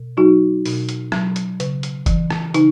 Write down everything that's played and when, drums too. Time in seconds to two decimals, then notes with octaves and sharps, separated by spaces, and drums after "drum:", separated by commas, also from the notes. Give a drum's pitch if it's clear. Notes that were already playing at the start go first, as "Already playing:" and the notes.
Already playing: B2
0.17 F#3 D#4 F#4
0.66 B2, drum: open hi-hat
0.89 drum: hi-hat
1.12 F#3, drum: rim click
1.36 drum: hi-hat
1.60 C#3, drum: hi-hat
1.83 drum: hi-hat
2.06 E3, drum: kick F1, hi-hat
2.30 drum: rim click
2.54 C#3 D#4, drum: hi-hat